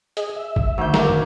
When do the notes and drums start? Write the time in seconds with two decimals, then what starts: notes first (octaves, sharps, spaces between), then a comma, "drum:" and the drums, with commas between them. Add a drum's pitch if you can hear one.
0.17 G#4 D#5, drum: hi-hat
0.36 E5
0.56 drum: kick G1
0.78 D2 D#3 G6
0.94 A#3, drum: snare
1.08 F#2